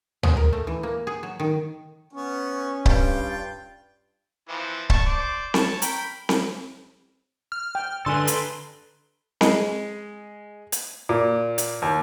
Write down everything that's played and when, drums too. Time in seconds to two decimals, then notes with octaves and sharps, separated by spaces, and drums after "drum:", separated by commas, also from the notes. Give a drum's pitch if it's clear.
0.23 G#3, drum: tom
0.37 A#4
0.53 A3
0.67 E3
0.83 A#3
1.07 G#4
1.23 F#3
1.40 D#3
2.13 B3 C#4 C#6
2.86 G2 F4 G5, drum: kick C#1
4.48 E3 F3 C4
4.90 A5 C#6, drum: kick C#1
5.06 C5 D5 D6
5.54 C#5 A5, drum: snare C4
5.82 A#4 G5 B5, drum: hi-hat
6.29 drum: snare C4
7.52 F6
7.75 G5
8.06 D3 A4 B4 G#5 C6
8.27 drum: hi-hat
9.41 G#3, drum: snare C4
10.72 drum: hi-hat
11.09 A#2
11.58 drum: hi-hat
11.82 D#2